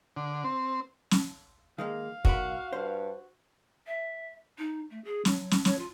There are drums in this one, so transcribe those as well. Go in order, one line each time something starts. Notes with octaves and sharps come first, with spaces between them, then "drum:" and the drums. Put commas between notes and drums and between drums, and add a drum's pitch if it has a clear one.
D3
C4
drum: snare
D#3 G#3 A#3 F5
B1 F#4 A#4 B5, drum: kick
G2 C5
E5
D#4
A3
G#4
F#3, drum: snare
drum: snare
C#5, drum: snare
F4